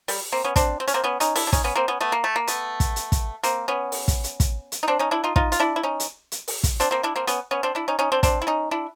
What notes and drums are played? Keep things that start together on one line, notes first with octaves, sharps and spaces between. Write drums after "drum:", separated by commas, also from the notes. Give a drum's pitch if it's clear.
G3, drum: open hi-hat
A#3 C4
B3 C#4
C4 D4, drum: kick, hi-hat
C4
C#4, drum: hi-hat
A#3 C4
B3 C#4
C#4 D#4, drum: hi-hat
D4 E4, drum: open hi-hat
D4
C#4 D#4, drum: kick, hi-hat
B3 C#4
A#3 C4
B3 C#4
A3 B3
A#3
A3
A#3
A3 B3, drum: hi-hat
drum: kick, hi-hat
drum: hi-hat
drum: kick, hi-hat
A#3 C4, drum: hi-hat
B3 C#4
drum: open hi-hat
drum: kick, hi-hat
drum: hi-hat
drum: kick, hi-hat
drum: hi-hat
D#4
C4 D4
C#4 D#4
D4 E4
D#4 F4
D#4 F4, drum: kick
F4, drum: hi-hat
D4 E4
E4
C#4 D#4
drum: hi-hat
drum: hi-hat
drum: open hi-hat
drum: kick, hi-hat
C4 D4, drum: hi-hat
A#3 C4
D4 E4
A#3 C4
B3 C#4, drum: hi-hat
B3 C#4
C4 D4
D4 E4
C#4 D#4
C#4 D#4
C4 D4
C4 D4, drum: kick, hi-hat
E4
C#4 D#4
D4 E4